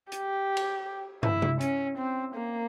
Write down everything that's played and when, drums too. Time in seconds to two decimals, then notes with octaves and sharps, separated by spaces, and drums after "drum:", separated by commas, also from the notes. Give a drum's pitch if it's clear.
0.12 G4, drum: hi-hat
0.57 drum: cymbal
1.23 E4, drum: tom
1.42 drum: tom C3
1.61 C#4, drum: hi-hat
1.98 C4
2.35 A#3